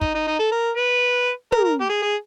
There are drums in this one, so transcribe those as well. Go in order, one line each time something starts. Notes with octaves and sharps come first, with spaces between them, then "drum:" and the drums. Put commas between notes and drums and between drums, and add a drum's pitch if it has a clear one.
D#4, drum: kick
D#4
D#4
A4
A#4
B4
A#4, drum: tom
A#4
G4
G#4
G#4